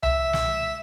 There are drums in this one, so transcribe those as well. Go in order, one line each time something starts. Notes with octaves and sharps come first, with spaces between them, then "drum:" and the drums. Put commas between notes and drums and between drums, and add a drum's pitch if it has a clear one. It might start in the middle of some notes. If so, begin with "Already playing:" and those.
E5, drum: tom C2
drum: snare